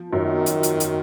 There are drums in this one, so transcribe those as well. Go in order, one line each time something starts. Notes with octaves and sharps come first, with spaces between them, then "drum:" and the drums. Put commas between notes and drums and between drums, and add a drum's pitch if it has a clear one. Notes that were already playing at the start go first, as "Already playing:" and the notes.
Already playing: F3
F#2 D#3
drum: hi-hat
drum: hi-hat
drum: hi-hat